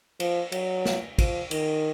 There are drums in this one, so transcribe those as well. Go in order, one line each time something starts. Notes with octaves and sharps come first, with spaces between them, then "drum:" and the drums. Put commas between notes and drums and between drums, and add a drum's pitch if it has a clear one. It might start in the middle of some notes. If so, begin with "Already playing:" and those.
F3, drum: cymbal
F#3, drum: cymbal
drum: snare
F3, drum: kick, cymbal
D#3, drum: cymbal